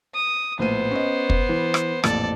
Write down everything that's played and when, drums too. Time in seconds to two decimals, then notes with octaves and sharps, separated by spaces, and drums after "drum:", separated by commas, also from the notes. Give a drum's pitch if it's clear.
0.15 D#6
0.59 A#1 A2 B3 C5 D#7
0.91 C#4 D#5
1.30 drum: kick
1.49 E3
1.74 drum: rim click
2.04 A1 F2 A#2 A4 D5, drum: rim click